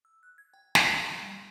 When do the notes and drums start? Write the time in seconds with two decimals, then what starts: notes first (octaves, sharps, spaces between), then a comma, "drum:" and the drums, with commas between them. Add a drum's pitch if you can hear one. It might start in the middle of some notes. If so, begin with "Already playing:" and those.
0.05 E6
0.23 F#6
0.38 G#6
0.54 G5
0.75 D4, drum: snare
0.92 G#5
1.23 G3